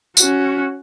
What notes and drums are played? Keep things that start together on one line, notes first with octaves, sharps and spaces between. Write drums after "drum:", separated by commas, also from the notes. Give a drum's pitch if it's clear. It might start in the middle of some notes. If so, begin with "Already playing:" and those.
C#4 F#4, drum: tambourine